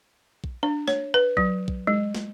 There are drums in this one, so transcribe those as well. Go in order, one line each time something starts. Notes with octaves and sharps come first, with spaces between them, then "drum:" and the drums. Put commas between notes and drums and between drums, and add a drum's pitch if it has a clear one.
drum: kick A#1
D4
C#5, drum: snare
B4
F#3, drum: kick A#1
drum: kick A#1
G#3
drum: snare